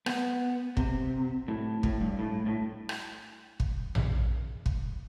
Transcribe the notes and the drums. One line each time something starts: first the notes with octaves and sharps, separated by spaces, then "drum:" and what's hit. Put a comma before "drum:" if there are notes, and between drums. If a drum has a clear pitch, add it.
B3, drum: rim click
C3, drum: kick
A2
A2, drum: kick
G2
A2
A2
drum: rim click
drum: kick
drum: tom A#1
drum: kick